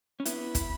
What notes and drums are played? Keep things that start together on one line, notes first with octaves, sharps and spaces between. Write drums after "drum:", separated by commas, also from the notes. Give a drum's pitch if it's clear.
C#4
B3 E4 B5, drum: hi-hat
drum: kick, hi-hat